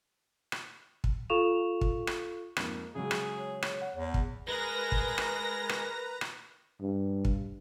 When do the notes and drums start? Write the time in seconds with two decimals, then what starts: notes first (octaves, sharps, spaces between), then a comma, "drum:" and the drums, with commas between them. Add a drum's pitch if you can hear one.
0.52 drum: rim click
1.04 drum: kick
1.30 F4 A4 F5 C#6 E7 F7
1.81 drum: kick
2.07 drum: rim click
2.57 F2 G#2 A#3, drum: rim click
2.95 C#3 F#3 G#3 G#4
3.11 drum: rim click
3.37 C#5
3.62 drum: rim click
3.81 F#5
3.96 E2
4.14 drum: kick
4.48 G#3 G#4 A#4 B4 A#5 A#6
4.92 drum: kick
5.18 drum: rim click
5.69 drum: rim click
6.21 drum: rim click
6.81 G2
7.25 drum: kick